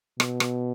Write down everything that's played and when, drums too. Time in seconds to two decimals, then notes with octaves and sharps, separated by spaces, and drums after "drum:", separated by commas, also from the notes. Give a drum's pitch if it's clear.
0.20 B2, drum: rim click
0.40 drum: rim click